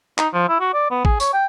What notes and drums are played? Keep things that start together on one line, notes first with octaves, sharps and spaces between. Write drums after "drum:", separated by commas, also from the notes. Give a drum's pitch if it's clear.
D#4, drum: clap
F3
E4
F#4
D5
B3
G#4, drum: kick
C#5, drum: tambourine
G5